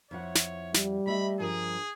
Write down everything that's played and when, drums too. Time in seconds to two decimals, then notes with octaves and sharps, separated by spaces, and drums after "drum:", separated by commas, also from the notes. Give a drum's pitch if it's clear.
0.11 F2 E4 C#5 F#5
0.35 drum: snare
0.74 G3, drum: snare
1.07 A3 D#5 E5 B5
1.39 G2 F3 G#4 A#4